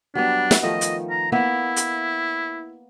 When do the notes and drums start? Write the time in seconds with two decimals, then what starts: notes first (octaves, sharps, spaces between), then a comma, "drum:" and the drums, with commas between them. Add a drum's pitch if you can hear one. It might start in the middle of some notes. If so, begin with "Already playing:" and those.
0.15 F#3 G3 B3 D4
0.51 drum: snare
0.63 D#3 F3 A3 D#5
0.81 drum: hi-hat
1.10 A#5
1.32 A#3 B3 E4 E5
1.76 drum: hi-hat